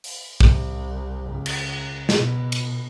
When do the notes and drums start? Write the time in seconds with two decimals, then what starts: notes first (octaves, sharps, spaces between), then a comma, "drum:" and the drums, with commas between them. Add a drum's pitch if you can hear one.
0.04 drum: open hi-hat
0.40 C2, drum: kick
1.28 C#2
1.46 drum: cymbal
2.09 B2, drum: snare
2.52 drum: cymbal